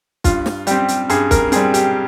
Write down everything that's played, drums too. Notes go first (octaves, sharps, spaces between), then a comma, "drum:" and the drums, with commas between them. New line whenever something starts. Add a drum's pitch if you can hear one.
G2 F4, drum: kick, hi-hat
drum: snare
G3 C4 G4, drum: hi-hat
drum: hi-hat
G2 G#4, drum: hi-hat
A#4, drum: kick, hi-hat
G3 C4 G#4, drum: hi-hat
G4, drum: hi-hat